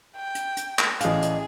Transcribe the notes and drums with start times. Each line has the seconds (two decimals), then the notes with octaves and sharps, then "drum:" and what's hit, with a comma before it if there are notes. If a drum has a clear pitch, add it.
0.16 G5
0.35 drum: hi-hat
0.57 drum: hi-hat
0.79 drum: clap
1.01 A1 D4 G#4 D#5 F5, drum: hi-hat
1.22 drum: hi-hat